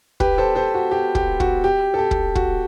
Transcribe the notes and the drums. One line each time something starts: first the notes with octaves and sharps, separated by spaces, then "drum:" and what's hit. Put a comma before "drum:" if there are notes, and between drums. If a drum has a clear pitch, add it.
G4 B4, drum: kick
A4 C5
A4 C5
F#4
G4
G4, drum: kick
F#4, drum: kick
G4
A4
G4
drum: kick
F#4, drum: kick